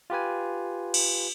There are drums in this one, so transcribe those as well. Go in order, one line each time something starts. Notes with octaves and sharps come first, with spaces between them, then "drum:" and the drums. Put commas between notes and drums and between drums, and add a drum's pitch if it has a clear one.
F4 G4 B4 G#5
drum: cymbal